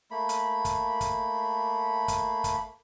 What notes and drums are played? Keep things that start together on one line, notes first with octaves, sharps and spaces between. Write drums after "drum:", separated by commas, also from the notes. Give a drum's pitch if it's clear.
A3 A#3 B5
drum: hi-hat
drum: kick, hi-hat
drum: kick, hi-hat
drum: kick, hi-hat
drum: kick, hi-hat